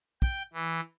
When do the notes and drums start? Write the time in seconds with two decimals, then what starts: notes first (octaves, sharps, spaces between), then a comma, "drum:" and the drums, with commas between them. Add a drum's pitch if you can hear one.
0.22 G5, drum: kick
0.53 E3